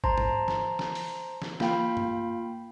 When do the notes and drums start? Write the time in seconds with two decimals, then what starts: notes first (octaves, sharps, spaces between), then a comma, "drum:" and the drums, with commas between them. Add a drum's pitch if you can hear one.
0.04 C5 A5 A#5 C6, drum: kick
0.18 drum: tom G#2
0.48 drum: snare
0.79 drum: snare
0.95 drum: open hi-hat
1.42 drum: snare
1.60 A#3 F4 F5 G5 B5, drum: snare
1.97 drum: tom